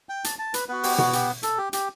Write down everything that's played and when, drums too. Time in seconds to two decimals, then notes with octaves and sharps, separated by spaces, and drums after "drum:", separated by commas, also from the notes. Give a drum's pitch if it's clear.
0.09 G5
0.24 A5, drum: hi-hat
0.39 A5
0.54 B4, drum: hi-hat
0.69 B3 F#4 B4
0.83 G4, drum: open hi-hat
0.98 F#4, drum: tom B2
1.13 G4, drum: hi-hat
1.43 A4, drum: hi-hat
1.58 G4
1.73 G4, drum: hi-hat